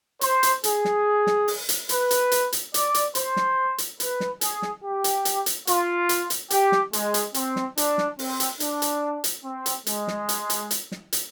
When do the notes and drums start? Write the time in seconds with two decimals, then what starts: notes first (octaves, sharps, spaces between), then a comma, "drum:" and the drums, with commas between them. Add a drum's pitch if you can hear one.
0.21 C5, drum: hi-hat
0.43 drum: hi-hat
0.64 G#4, drum: hi-hat
0.85 drum: snare
1.27 drum: snare
1.48 drum: open hi-hat
1.69 drum: hi-hat
1.89 B4, drum: hi-hat
2.11 drum: hi-hat
2.32 drum: hi-hat
2.53 drum: hi-hat
2.74 D5, drum: hi-hat
2.94 drum: hi-hat
3.15 C5, drum: hi-hat
3.36 drum: snare
3.78 drum: hi-hat
4.00 B4, drum: hi-hat
4.20 drum: snare
4.41 G#4, drum: hi-hat
4.62 drum: snare
4.83 G4
5.04 drum: hi-hat
5.25 drum: hi-hat
5.46 drum: hi-hat
5.67 F4, drum: hi-hat
6.09 drum: hi-hat
6.30 drum: hi-hat
6.50 G4, drum: hi-hat
6.72 drum: snare
6.93 G#3, drum: hi-hat
7.14 drum: hi-hat
7.34 C4, drum: hi-hat
7.56 drum: snare
7.78 D4, drum: hi-hat
7.98 drum: snare
8.19 C4, drum: open hi-hat
8.40 drum: hi-hat
8.60 D4, drum: hi-hat
8.82 drum: hi-hat
9.24 drum: hi-hat
9.44 C4
9.66 drum: hi-hat
9.87 G#3, drum: hi-hat
10.08 drum: snare
10.29 drum: hi-hat
10.50 drum: hi-hat
10.71 drum: hi-hat
10.92 drum: snare
11.13 drum: hi-hat